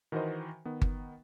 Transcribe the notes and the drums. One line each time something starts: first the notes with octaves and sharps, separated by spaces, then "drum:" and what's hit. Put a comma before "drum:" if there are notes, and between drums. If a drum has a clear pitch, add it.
D#3 E3 F#4 A#4 C5 D#5
D#3 B3
drum: kick G1